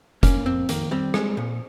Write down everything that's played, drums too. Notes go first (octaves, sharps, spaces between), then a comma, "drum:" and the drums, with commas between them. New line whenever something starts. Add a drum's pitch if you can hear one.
A#3 C#4, drum: kick F1, hi-hat
F2 C4
D#3 A#3, drum: hi-hat
G3 C4
G#3, drum: rim click
A#2